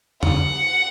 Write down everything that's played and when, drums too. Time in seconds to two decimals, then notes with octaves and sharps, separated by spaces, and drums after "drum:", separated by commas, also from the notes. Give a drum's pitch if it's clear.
0.23 F#5, drum: tom